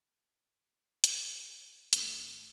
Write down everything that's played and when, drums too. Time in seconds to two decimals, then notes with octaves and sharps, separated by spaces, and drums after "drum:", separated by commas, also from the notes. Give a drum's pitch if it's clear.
1.04 drum: hi-hat
1.93 G#1 A3 D4, drum: hi-hat